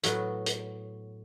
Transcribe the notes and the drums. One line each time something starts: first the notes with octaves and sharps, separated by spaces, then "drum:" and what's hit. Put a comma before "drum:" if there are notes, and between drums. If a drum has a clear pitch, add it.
A2 F#3 B3, drum: hi-hat
drum: hi-hat